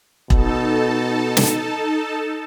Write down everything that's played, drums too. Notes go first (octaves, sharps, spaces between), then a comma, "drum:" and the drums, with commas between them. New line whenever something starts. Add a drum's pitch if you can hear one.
B2 D#4 A4 A5, drum: kick E1
drum: snare